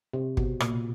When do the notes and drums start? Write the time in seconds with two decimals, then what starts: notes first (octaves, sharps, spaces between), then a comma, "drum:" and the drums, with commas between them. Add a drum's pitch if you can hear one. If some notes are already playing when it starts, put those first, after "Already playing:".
0.13 C3
0.37 B2, drum: kick
0.60 A#2, drum: rim click